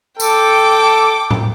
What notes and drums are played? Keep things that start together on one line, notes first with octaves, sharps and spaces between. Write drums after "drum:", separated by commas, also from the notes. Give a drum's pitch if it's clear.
A4 G5 D6, drum: tambourine
drum: tom A2